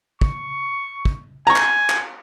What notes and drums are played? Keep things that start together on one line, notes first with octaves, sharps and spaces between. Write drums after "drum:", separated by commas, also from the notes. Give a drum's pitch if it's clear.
C#6, drum: kick
drum: kick
G#5 A#5 C#6
drum: clap
drum: clap